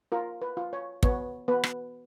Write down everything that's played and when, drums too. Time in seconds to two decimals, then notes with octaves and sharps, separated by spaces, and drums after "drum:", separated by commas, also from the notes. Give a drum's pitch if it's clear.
0.12 F4 A#4
0.42 B4
0.57 F4
0.73 C#5
1.03 B3 C#5, drum: kick
1.48 B3 B4
1.64 drum: rim click